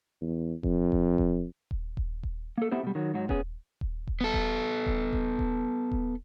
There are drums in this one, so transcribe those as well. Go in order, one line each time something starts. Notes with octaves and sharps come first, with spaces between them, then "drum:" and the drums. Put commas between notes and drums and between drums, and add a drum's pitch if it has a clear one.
E2
F2, drum: kick D#1
drum: kick D#1
drum: kick D#1
drum: kick D#1
drum: kick D#1
drum: kick D#1
A#3 A4
A3 B3 E4 G4 C5
B2 G3
D#3 F#3
G#2 F#3
B3 C#4 G#4, drum: kick D#1
drum: kick D#1
drum: kick D#1
B3 A4
drum: kick D#1
drum: kick D#1
drum: kick D#1
drum: kick D#1
drum: kick D#1